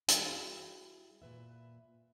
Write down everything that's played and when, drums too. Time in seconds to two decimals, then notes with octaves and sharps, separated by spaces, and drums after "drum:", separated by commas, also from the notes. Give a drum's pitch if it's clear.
0.08 G3 E4 F#4 G#4, drum: hi-hat
1.22 A#2 B4 E5